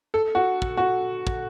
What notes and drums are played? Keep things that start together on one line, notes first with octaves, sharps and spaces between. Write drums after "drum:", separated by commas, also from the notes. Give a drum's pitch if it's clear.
A4
F#4
drum: kick
F#4
drum: kick